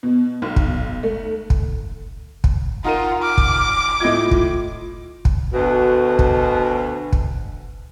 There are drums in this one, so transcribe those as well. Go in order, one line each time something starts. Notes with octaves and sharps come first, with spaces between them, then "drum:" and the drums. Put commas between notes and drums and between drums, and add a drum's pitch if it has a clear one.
B2
B1
drum: kick
A3
drum: kick
drum: kick
D#4 F4 A#4 F#5 D#7
D6 F6
drum: kick
A2 F4 D#5 G#6
drum: kick
drum: kick
D2 B2
drum: kick
drum: kick